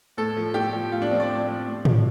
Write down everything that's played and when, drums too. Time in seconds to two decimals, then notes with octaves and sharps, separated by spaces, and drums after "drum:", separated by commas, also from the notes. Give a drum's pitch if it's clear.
0.17 A2 A4
0.37 F3
0.54 A2 G4
0.73 F3
0.92 A2 F4
1.02 D4
1.11 F3 C4
1.20 D5
1.29 A2
1.47 F3
1.67 A2
1.85 F3, drum: tom